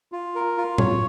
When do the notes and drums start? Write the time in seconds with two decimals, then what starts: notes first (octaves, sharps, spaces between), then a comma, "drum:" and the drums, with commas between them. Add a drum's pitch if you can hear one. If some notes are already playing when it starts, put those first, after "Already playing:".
0.12 F4
0.35 A#4
0.57 F4
0.78 C#5, drum: tom A2